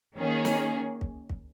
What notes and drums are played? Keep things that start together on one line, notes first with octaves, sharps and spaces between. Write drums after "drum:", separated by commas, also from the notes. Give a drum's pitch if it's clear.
D#3 A#3 C#4 G#4
drum: snare
drum: kick
drum: kick